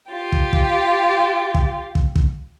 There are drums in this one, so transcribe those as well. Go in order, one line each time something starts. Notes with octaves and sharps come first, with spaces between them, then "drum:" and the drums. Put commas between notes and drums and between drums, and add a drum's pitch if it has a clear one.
F4 G4
drum: kick
drum: kick
drum: kick
drum: kick
drum: kick